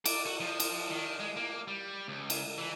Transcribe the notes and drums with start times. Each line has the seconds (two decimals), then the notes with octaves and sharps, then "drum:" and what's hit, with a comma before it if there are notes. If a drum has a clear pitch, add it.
0.06 D5, drum: cymbal
0.26 F#4
0.40 F3
0.60 drum: cymbal
0.89 D#3
1.19 G#3
1.37 A#3
1.68 G3
2.08 C#2
2.30 drum: cymbal
2.58 E3